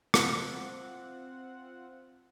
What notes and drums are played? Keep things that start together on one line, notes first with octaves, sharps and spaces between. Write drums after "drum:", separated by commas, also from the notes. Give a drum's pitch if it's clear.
C4 F4 F#5, drum: rim click